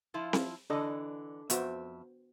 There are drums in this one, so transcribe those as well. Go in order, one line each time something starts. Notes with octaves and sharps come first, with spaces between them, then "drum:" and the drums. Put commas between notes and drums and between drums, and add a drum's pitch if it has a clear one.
F3 E4 F4
drum: snare C4
D3 E3 D4 A4 D#5
F2 B3 F#4 C5 E5, drum: hi-hat